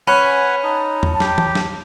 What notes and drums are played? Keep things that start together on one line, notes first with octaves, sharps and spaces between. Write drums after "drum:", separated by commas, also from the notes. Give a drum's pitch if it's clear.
C#4 B4 F#5 G#5 B5
D#4 A5
drum: tom E2
G4, drum: snare
drum: tom
drum: snare